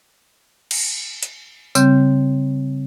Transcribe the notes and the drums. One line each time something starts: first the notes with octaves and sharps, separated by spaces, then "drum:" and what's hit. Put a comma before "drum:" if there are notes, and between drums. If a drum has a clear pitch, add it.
drum: cymbal
drum: hi-hat
C#3 G3 C4 G6, drum: tambourine